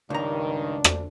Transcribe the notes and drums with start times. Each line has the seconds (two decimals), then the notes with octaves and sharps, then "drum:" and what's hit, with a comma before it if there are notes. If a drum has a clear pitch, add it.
0.10 C#2 G2 D#3 D4 A#5
0.84 drum: rim click